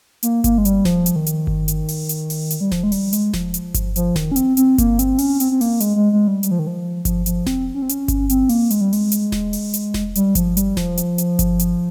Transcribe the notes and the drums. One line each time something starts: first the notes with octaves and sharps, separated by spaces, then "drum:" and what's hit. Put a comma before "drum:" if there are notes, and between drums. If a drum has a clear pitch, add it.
A#3, drum: hi-hat
A#3, drum: kick G1, hi-hat
G#3
G3, drum: hi-hat
F3, drum: snare E1
drum: hi-hat
D#3
drum: hi-hat
drum: kick G1
drum: hi-hat
drum: open hi-hat
drum: hi-hat
drum: open hi-hat
drum: hi-hat
G3
F3, drum: snare E1
G#3
G3, drum: open hi-hat
G#3, drum: hi-hat
F3, drum: snare E1
drum: hi-hat
drum: kick G1, hi-hat
F3, drum: hi-hat
D#3, drum: snare E1
C#4
C4, drum: hi-hat
C4, drum: hi-hat
A#3, drum: kick G1, hi-hat
C4, drum: hi-hat
C#4, drum: open hi-hat
C4, drum: hi-hat
C4
A#3, drum: open hi-hat
G#3, drum: hi-hat
G#3
G#3
G3
G3, drum: hi-hat
F3
D#3
F3
F3, drum: kick G1, hi-hat
F3, drum: hi-hat
C4, drum: snare E1
C#4
C4
C#4, drum: hi-hat
drum: kick G1, hi-hat
C4, drum: hi-hat
A#3, drum: open hi-hat
G#3, drum: hi-hat
G3
G#3, drum: open hi-hat
drum: hi-hat
drum: snare E1
drum: open hi-hat
drum: hi-hat
drum: snare E1
G3, drum: hi-hat
F3, drum: kick G1, hi-hat
G3, drum: hi-hat
F3, drum: snare E1
drum: hi-hat
drum: hi-hat
drum: kick G1, hi-hat
drum: hi-hat